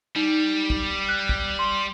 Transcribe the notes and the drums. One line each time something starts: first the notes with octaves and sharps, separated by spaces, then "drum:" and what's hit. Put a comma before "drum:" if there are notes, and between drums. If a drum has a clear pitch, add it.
G3 D#4
drum: kick
F#6
drum: kick
C6